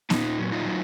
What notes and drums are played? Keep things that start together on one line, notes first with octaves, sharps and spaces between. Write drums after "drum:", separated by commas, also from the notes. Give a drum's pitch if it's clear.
A#2 D#4 F4, drum: snare B3
F#3
D#4 F4
F#3